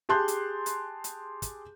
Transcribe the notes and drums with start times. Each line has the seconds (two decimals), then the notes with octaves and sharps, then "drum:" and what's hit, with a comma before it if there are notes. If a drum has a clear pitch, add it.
0.09 G4 G#4 A5 C6 F#6 G6
0.28 drum: hi-hat
0.66 drum: hi-hat
1.04 drum: hi-hat
1.42 drum: kick, hi-hat